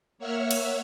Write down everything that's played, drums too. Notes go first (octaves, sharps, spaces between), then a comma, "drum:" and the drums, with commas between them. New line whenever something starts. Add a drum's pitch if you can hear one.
A#3 C#5 E5 F#5 E6 F6
drum: cymbal